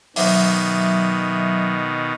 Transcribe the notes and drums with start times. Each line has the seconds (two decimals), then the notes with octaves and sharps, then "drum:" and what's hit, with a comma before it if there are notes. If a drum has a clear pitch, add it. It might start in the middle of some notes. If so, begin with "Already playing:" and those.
0.16 B2 D#3 F#3 E5 D6, drum: open hi-hat